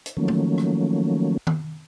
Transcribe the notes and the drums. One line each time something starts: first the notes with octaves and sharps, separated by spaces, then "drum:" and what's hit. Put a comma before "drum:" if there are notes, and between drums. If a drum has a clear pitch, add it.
drum: hi-hat
D#3 F3 F#3 A3 A#3 C#4
drum: tom D3
drum: rim click
drum: tom D#3